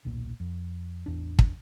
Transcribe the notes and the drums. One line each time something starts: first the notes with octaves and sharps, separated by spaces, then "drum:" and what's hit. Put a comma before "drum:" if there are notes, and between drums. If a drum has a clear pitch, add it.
D#1 B1 A#2
F2
A1 E2 D4
drum: kick